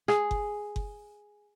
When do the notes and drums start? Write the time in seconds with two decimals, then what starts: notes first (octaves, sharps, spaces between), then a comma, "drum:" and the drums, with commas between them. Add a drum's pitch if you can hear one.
0.08 G#4, drum: rim click
0.31 drum: kick F#1
0.76 drum: kick F#1